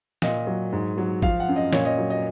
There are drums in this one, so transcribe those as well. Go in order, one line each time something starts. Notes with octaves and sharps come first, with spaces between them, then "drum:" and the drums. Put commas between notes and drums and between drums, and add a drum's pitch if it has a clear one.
A#2 D#5, drum: snare
F#3
G#2
F#3
F3 F5, drum: kick
F#5
F#2
D#5
A#2 C#5, drum: snare
D#5
F#3
D#5